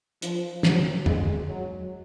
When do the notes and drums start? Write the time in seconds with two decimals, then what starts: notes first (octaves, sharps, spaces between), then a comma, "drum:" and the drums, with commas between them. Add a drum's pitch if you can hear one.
0.22 F3, drum: hi-hat
0.63 F#3, drum: snare
1.06 G#3, drum: tom
1.49 F#3